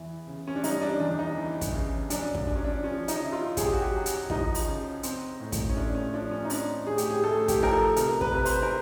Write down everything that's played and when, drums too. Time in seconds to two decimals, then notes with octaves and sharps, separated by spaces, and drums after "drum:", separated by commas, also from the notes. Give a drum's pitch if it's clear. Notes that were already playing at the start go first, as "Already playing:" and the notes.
Already playing: E2 E3
0.27 C#3
0.47 C#4
0.56 D4
0.64 G3 D#4, drum: open hi-hat
0.82 D4
1.00 E2 D4
1.19 D#4
1.37 E3
1.61 drum: kick, hi-hat
1.74 C#3
2.10 F#2 D4, drum: hi-hat
2.35 drum: kick
2.47 F#2 D4
2.56 C#4
2.64 D4
2.83 F3 C#4
3.08 D#4, drum: hi-hat
3.20 C#3 E4
3.32 F4
3.57 F#2 G#4, drum: kick, hi-hat
3.65 G4
3.73 F#4
3.80 G4
3.94 F#2
4.06 drum: hi-hat
4.30 F3 D#4, drum: kick
4.55 drum: open hi-hat
4.67 C#3
5.03 C4, drum: hi-hat
5.40 A2
5.52 drum: kick, hi-hat
5.69 C#4
5.76 A3 D4
5.95 C#4
6.13 F3 D4
6.31 C#4
6.45 D#4
6.50 C4 D4, drum: open hi-hat
6.87 A2 G#4
6.98 G4, drum: hi-hat
7.10 G#4
7.24 A3 A4
7.48 G4, drum: kick, hi-hat
7.60 F3 A#4
7.72 A4
7.96 C3 A#4, drum: hi-hat
8.21 B4, drum: kick
8.34 C3 B4
8.45 C5, drum: open hi-hat
8.62 A#4